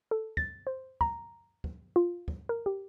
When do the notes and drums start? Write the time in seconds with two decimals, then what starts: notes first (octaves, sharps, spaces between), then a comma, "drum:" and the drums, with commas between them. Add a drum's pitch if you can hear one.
0.11 A4
0.37 A6, drum: kick
0.67 C5
1.01 A#5, drum: kick
1.64 drum: kick
1.96 F4
2.28 drum: kick
2.49 A#4
2.66 G4